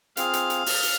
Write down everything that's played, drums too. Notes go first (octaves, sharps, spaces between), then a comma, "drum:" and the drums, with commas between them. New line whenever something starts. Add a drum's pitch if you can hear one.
C4 F4 G#4 F5, drum: hi-hat
drum: hi-hat
drum: hi-hat
drum: open hi-hat
drum: hi-hat